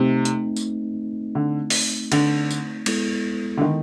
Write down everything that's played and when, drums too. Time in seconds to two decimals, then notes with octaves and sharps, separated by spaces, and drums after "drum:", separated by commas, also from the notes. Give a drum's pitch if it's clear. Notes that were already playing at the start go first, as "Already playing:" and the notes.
Already playing: C3 A3 C4 D#4
0.25 drum: hi-hat
0.56 drum: tambourine
1.35 D3
1.70 drum: open hi-hat
2.12 D3, drum: cymbal
2.51 drum: tambourine
2.86 G#3 B3 E4 A4, drum: cymbal
3.57 D3
3.61 D#3